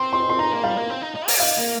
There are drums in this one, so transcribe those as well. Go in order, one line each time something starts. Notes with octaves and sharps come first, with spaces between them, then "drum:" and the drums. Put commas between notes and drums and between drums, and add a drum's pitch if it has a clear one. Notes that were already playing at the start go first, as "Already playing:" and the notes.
Already playing: C4 C6
C6
C6
D#4 A#5
A#3
G3 F5
A#3
C4
D#4
D#4
A#4, drum: open hi-hat
D#4 F5
A#3